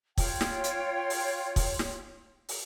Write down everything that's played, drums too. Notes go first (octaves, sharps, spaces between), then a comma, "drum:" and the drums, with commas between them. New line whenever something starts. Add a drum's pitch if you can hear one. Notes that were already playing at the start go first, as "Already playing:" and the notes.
F4 C#5 G5, drum: kick, open hi-hat
drum: snare
drum: hi-hat
drum: open hi-hat
drum: kick, open hi-hat
drum: snare
drum: open hi-hat